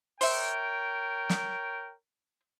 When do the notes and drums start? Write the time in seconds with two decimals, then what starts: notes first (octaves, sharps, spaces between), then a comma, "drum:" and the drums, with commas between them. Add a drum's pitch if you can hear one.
0.21 A#4 C5 C#5 E5 G5, drum: open hi-hat
1.29 drum: snare